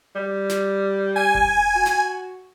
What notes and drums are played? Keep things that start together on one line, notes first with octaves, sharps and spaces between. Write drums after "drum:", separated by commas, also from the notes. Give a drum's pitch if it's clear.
G3
drum: snare
G#5
drum: kick E1
F#4
drum: snare